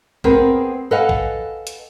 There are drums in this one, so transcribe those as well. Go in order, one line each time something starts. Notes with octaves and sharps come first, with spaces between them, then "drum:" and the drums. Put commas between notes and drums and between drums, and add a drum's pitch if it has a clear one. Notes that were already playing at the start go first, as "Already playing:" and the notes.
B3 C4 G#4 A#4, drum: kick
A4 B4 D#5 F5 F#5 G#5
drum: kick
drum: hi-hat